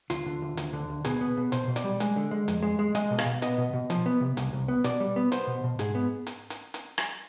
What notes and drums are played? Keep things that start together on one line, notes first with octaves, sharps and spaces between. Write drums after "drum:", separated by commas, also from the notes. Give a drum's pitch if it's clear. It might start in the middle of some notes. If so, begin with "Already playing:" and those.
D2 F4, drum: hi-hat
D3
D2
D2, drum: hi-hat
D3
D2
B2 G#4, drum: hi-hat
B3
B2
B2 C5, drum: hi-hat
B2
D5, drum: hi-hat
G3
G#3, drum: hi-hat
D3
G#3
F2, drum: hi-hat
G#3
G#3
G#3 D#5, drum: hi-hat
B2
F5, drum: rim click
B2
B3 D#5, drum: hi-hat
B2
B2
F3, drum: hi-hat
B3
C3
C2, drum: hi-hat
C2
B3
B2 D5, drum: hi-hat
G3
B3
B3 C5, drum: hi-hat
B2
B2
G#2 G#4, drum: hi-hat
B3
drum: hi-hat
drum: hi-hat
drum: hi-hat
drum: rim click